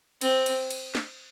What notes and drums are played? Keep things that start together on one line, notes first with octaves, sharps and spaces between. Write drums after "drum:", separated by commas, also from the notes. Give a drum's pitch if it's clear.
C4, drum: cymbal
drum: cymbal
drum: cymbal
drum: snare